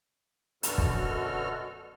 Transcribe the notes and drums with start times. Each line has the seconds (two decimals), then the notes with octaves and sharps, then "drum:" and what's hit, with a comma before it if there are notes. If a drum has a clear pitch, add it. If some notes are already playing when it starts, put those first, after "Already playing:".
0.63 F#2 B2 D3 F#4 A4 F6, drum: hi-hat
0.78 drum: kick